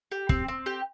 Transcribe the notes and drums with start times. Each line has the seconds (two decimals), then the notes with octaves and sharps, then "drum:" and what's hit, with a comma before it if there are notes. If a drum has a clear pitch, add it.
0.12 G4
0.29 C4, drum: kick
0.48 C4
0.66 G4